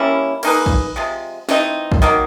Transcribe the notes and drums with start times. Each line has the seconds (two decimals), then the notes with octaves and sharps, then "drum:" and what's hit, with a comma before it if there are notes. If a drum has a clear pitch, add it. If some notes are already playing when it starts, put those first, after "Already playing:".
Already playing: G3 A#3 C#4 E4
0.43 A#3 D#4 G#4 B4, drum: cymbal
0.66 drum: kick
0.96 C3 F3 G#3
1.49 E3 A3 C4 D#4, drum: snare
1.92 drum: kick
2.02 D#3 F#3 A#3